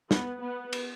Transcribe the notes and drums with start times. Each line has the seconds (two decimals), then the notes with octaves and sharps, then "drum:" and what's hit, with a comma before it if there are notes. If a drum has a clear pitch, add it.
0.11 B3, drum: snare
0.41 B3
0.73 drum: cymbal